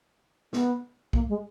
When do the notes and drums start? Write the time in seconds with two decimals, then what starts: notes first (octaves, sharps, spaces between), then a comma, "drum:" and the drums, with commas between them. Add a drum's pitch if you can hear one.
0.53 B3, drum: snare
1.13 A#3, drum: kick
1.29 G#3